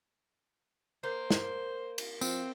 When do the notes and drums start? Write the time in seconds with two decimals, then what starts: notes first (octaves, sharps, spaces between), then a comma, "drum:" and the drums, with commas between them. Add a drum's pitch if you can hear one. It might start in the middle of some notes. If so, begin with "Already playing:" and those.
1.03 A#3 C5
1.30 drum: snare
1.98 drum: cymbal
2.21 F3 C4, drum: tambourine